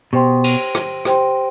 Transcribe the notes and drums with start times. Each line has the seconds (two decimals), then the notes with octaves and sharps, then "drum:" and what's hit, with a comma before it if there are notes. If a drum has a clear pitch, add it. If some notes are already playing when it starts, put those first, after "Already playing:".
0.13 B2 G4 C5 G5 C6
0.44 drum: cymbal
0.75 drum: rim click
1.05 G4 C5 G5 C6, drum: rim click